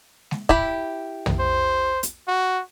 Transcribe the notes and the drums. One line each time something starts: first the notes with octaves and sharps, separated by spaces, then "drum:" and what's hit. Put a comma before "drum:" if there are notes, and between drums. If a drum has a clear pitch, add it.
drum: snare G#3
E4 G4 B5, drum: kick
drum: tom
C5
drum: hi-hat
F#4